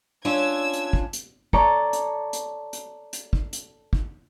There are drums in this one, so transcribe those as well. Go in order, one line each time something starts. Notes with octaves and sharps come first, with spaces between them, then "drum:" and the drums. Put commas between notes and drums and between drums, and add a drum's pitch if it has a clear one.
C#4 D4 F4 E6 G#6
drum: hi-hat
drum: kick
drum: hi-hat
A4 C#5 D5 A#5, drum: kick
drum: hi-hat
drum: hi-hat
drum: hi-hat
drum: hi-hat
drum: kick
drum: hi-hat
drum: kick